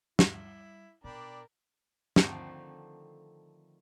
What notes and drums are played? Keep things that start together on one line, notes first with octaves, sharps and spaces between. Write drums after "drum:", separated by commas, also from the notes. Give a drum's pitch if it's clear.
G3 E4, drum: snare
B2 D4 A#4 D5 G5 B5
D3 D#3 F3 A3 C4, drum: snare